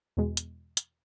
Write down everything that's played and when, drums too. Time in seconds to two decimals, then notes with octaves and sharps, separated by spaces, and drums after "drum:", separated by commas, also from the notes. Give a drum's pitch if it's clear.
0.17 E2 B2 G#3
0.37 drum: hi-hat
0.77 drum: hi-hat